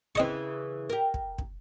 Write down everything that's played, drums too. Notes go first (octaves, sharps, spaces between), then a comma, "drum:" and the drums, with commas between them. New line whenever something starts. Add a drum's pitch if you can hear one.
C#3 E3 C4 D#5 C#6
G4 A#4
drum: kick
drum: kick